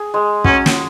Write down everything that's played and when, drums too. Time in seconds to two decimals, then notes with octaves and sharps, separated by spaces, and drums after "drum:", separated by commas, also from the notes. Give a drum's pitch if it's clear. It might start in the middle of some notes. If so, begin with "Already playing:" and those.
Already playing: G#4
0.14 G#3
0.44 F#3 C#4, drum: kick
0.66 drum: snare